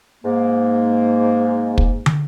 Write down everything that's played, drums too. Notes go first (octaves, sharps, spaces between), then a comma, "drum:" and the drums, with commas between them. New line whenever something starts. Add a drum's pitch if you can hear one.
G#2 A#3
drum: kick
drum: tom